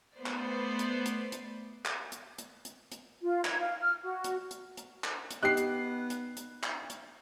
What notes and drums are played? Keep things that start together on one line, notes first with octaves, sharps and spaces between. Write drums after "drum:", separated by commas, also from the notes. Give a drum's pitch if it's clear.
A3 B3 B4 C5 D5
drum: clap
drum: hi-hat
drum: hi-hat
drum: hi-hat
drum: clap
drum: hi-hat
drum: hi-hat
drum: hi-hat
drum: hi-hat
F4
G#6, drum: clap
F5
F6
F#4
drum: hi-hat
drum: hi-hat
drum: hi-hat
drum: clap
drum: hi-hat
B3 D#4 G4 F#6 C7
drum: hi-hat
drum: hi-hat
drum: hi-hat
drum: clap
drum: hi-hat